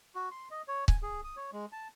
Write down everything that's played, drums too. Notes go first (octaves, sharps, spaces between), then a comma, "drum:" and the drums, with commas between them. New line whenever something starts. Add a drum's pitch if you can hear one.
F#4
C6
D#5
C#5
G#5, drum: kick C#1
G#4
D#6
C#5
G#3
A5